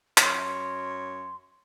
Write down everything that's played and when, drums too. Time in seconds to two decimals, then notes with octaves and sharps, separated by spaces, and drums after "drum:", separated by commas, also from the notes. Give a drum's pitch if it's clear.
0.18 F#2 C#5 C6, drum: clap